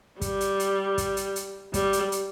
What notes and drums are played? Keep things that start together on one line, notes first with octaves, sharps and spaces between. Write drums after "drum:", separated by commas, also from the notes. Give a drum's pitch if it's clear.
G3, drum: kick, hi-hat
drum: hi-hat
drum: hi-hat
drum: kick, hi-hat
drum: hi-hat
drum: hi-hat
G3, drum: kick, hi-hat
drum: hi-hat
drum: hi-hat